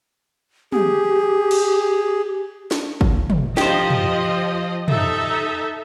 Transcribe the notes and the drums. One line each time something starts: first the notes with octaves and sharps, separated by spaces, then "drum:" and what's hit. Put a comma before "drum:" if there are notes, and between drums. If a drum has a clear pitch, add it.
G4 G#4, drum: tom
drum: cymbal
drum: snare
drum: kick
drum: tom
F3 G4 C5 D#5, drum: snare
drum: tom
D#4 A4 E5, drum: tom